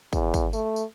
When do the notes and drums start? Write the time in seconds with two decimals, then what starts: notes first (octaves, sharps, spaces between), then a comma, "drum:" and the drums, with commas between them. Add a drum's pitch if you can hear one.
0.13 E2, drum: kick, tambourine
0.34 drum: kick, tambourine
0.53 A3, drum: tambourine
0.76 drum: tambourine